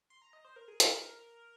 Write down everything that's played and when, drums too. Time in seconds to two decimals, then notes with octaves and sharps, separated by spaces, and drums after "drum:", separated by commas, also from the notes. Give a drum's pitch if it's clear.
0.10 C6
0.22 A#5
0.33 D#5
0.45 C5
0.56 A#4
0.68 G#4
0.80 A#4, drum: hi-hat
0.92 A#4